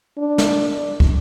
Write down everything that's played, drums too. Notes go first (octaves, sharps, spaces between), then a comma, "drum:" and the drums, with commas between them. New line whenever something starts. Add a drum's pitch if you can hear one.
D4
drum: snare
drum: kick